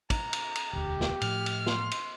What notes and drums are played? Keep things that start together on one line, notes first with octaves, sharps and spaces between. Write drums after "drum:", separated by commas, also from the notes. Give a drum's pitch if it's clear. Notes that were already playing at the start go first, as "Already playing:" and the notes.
A#5, drum: kick, cymbal
drum: cymbal
drum: cymbal
E1 D2 G4
drum: snare
A2 F3 F6, drum: cymbal
drum: cymbal
C6, drum: snare
drum: cymbal